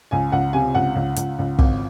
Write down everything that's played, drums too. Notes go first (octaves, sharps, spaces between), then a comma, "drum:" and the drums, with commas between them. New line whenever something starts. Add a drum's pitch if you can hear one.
C#2 G#5
C#2 F#5
C3 G#5
C#2 F#5
C#2
C#2, drum: hi-hat
C#2
G#1, drum: kick